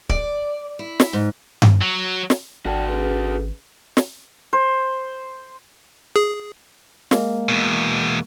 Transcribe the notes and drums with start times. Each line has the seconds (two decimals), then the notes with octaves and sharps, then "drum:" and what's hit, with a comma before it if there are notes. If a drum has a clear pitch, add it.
0.09 D5, drum: kick
0.79 E4
1.00 drum: snare
1.13 G#2
1.62 drum: tom G2
1.82 F#3
2.30 drum: snare
2.66 G#1 F#4 A4 D5 G5
2.88 C#4 G#4 B4
3.97 drum: snare
4.53 C5
6.16 G#4
7.11 G#3 A#3, drum: snare
7.49 E2 B2